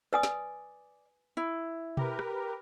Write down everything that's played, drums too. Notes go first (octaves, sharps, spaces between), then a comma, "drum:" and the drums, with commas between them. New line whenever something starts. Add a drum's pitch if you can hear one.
B4 D5 G#5 D#6
drum: snare
E4
G4 A#4 B4, drum: tom B2
drum: rim click